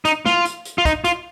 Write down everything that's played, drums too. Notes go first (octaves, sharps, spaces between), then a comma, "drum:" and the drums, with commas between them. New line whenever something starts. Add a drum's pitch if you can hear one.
D#4, drum: hi-hat
F4, drum: snare
drum: hi-hat
drum: hi-hat
F4
D#4, drum: kick, hi-hat
F4, drum: hi-hat